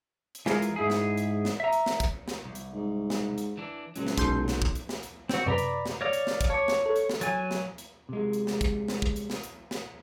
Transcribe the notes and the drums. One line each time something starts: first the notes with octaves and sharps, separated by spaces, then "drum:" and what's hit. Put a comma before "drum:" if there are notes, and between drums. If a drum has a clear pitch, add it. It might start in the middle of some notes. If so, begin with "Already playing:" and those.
drum: hi-hat
E3 G#3 F4 G#4 A#4, drum: snare
drum: hi-hat
G#2 E4 G#4
drum: snare
drum: hi-hat
drum: snare
E5 A#5
drum: hi-hat
drum: snare
drum: kick, hi-hat
drum: snare
C2
drum: hi-hat
G#2
drum: snare
drum: hi-hat
E3 D4
C#2 A#2 F#3, drum: hi-hat
drum: snare
B1 C6 G6, drum: kick, hi-hat
drum: snare
drum: kick
drum: hi-hat
drum: snare
drum: hi-hat
C4 F#4, drum: snare
F#2 C3 B4 D5 A#5 B5
drum: hi-hat
drum: snare
C#5 D5 F5 A#6
drum: hi-hat
drum: snare
drum: kick, hi-hat
C#5 A5 D6
drum: snare
A4
drum: hi-hat
drum: snare
F#3 G#5 A6, drum: hi-hat
drum: snare
drum: hi-hat
C3 G#3
drum: hi-hat
drum: snare
drum: kick, hi-hat
drum: snare
drum: kick
drum: hi-hat
drum: snare
drum: hi-hat
drum: snare